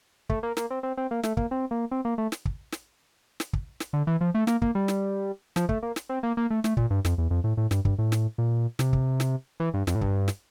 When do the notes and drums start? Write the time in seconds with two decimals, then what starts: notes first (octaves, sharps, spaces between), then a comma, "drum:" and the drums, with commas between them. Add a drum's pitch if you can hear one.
0.29 A3, drum: kick
0.43 A#3
0.57 A#3, drum: snare
0.70 C4
0.83 C4
0.97 C4
1.11 A#3
1.23 A3, drum: snare
1.37 A#3, drum: kick
1.51 C4
1.71 A#3
1.91 C4
2.05 A#3
2.18 A3
2.32 drum: snare
2.45 drum: kick
2.72 drum: snare
3.40 drum: snare
3.53 drum: kick
3.80 drum: snare
3.93 D3
4.07 E3
4.21 F3
4.35 A3
4.47 A#3, drum: snare
4.62 A#3, drum: kick
4.75 G3
4.88 drum: snare
5.56 F3, drum: snare
5.69 A3, drum: kick
5.83 A#3
5.96 drum: snare
6.09 C4
6.23 A#3
6.37 A#3
6.50 A3
6.64 A3, drum: snare
6.77 A#2, drum: kick
6.90 G2
7.05 F2, drum: snare
7.18 E2
7.31 F2
7.44 A2
7.57 A2
7.71 G2, drum: snare
7.85 G2, drum: kick
7.99 A2
8.12 drum: snare
8.38 A#2
8.79 C3, drum: snare
8.93 drum: kick
9.20 drum: snare
9.60 E3
9.74 G2
9.87 F2, drum: snare
9.95 A2
10.01 G2, drum: kick
10.28 drum: snare